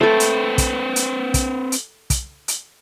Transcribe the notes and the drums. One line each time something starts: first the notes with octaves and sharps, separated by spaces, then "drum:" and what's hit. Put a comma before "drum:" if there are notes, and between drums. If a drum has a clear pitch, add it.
A3 C4 A4 B4 G5
drum: hi-hat
drum: kick, hi-hat
drum: hi-hat
drum: kick, hi-hat
drum: hi-hat
drum: kick, hi-hat
drum: hi-hat